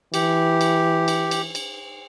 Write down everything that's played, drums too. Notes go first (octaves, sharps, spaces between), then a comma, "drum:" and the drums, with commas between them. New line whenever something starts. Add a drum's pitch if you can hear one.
E3 G4, drum: cymbal
drum: cymbal
drum: cymbal
drum: cymbal
drum: cymbal